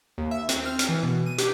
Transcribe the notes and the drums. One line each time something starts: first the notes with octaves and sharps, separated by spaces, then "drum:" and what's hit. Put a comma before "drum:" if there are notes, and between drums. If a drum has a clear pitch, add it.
D#2
E5
C4, drum: hi-hat
F6
drum: hi-hat
E3
B2
D#7
G4, drum: hi-hat